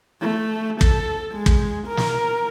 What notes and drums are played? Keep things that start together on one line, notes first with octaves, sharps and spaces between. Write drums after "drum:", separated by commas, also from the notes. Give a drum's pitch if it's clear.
A3
A4, drum: kick
G#3
drum: kick
A#4
drum: snare